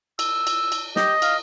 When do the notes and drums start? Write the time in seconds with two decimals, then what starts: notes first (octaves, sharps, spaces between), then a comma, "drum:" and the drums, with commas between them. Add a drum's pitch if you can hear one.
0.19 E6, drum: cymbal
0.47 drum: cymbal
0.72 drum: cymbal
0.96 G4 D#5, drum: snare
1.22 F5, drum: cymbal